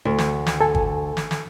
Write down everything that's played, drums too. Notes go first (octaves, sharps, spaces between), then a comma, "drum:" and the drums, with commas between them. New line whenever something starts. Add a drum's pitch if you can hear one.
D2
drum: snare
drum: snare
A4 G#5
drum: kick G1
drum: snare
drum: snare